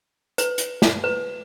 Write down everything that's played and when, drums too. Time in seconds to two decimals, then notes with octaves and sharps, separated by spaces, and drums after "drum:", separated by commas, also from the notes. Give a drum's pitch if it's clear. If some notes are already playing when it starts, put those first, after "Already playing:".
0.38 B4, drum: hi-hat
0.58 drum: hi-hat
0.82 drum: snare
1.04 B4